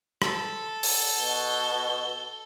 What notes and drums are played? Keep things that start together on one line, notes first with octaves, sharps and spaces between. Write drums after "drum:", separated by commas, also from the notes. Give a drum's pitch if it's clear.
A4, drum: rim click
drum: open hi-hat
B2 G7